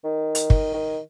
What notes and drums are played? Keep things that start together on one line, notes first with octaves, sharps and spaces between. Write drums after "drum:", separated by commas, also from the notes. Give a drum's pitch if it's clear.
D#3
drum: hi-hat
drum: kick
D#3